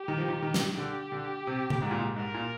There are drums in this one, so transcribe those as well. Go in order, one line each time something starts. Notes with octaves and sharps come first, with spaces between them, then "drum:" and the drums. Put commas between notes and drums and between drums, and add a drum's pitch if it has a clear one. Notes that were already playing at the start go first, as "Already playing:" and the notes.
Already playing: G4
D#3
F3
D#3
D#3
drum: snare
D3 G4
D3
C3
drum: tom C#3
G#2
A#2
G#2
G#2 A#4
A#2